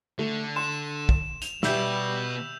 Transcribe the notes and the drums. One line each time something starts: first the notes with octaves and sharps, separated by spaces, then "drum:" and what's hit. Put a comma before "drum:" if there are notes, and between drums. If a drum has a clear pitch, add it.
D3 A3
C6 E7
drum: kick
F7, drum: hi-hat
B2 G3 B3 G4 E5 E6 G6, drum: snare